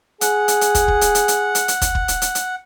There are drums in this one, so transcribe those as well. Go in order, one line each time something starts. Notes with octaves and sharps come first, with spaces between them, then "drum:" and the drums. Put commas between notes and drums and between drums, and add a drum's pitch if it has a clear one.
G#4 F#5, drum: hi-hat
drum: hi-hat
drum: hi-hat
drum: kick, hi-hat
drum: kick
drum: hi-hat
drum: hi-hat
drum: hi-hat
drum: hi-hat
drum: hi-hat
drum: kick, hi-hat
drum: kick
drum: hi-hat
drum: hi-hat
drum: hi-hat